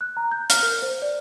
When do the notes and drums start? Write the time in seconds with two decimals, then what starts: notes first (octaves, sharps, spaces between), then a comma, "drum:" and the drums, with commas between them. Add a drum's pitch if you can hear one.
0.01 F#6
0.17 A#5
0.31 G6
0.50 F6, drum: hi-hat
0.63 A#4
0.82 C5
1.02 D5